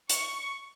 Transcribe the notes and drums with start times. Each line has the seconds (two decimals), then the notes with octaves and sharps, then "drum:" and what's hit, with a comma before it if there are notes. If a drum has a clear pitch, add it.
0.09 C#6, drum: hi-hat